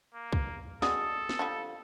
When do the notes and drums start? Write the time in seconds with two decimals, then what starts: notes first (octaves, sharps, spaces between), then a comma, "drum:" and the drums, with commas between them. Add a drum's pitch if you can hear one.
0.14 A#3
0.32 drum: kick C2
0.82 G#3 F#4 A4 D5 D#6, drum: snare
1.29 drum: snare
1.39 D3 F3 G3